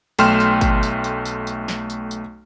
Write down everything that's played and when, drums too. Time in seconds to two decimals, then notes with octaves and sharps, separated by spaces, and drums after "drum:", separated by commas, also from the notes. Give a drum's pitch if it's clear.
0.19 B1 A3 G5 C6 F6 E7, drum: tambourine
0.40 drum: tambourine
0.61 drum: kick G#1, tambourine
0.83 drum: tambourine
1.04 drum: tambourine
1.25 drum: tambourine
1.47 drum: tambourine
1.68 drum: snare
1.90 drum: tambourine
2.11 drum: tambourine